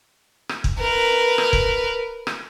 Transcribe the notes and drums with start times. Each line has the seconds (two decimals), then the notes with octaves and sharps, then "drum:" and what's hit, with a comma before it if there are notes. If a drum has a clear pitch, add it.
0.49 drum: rim click
0.64 drum: kick
0.79 A#4 B4
1.38 drum: rim click
1.53 drum: kick
2.27 drum: rim click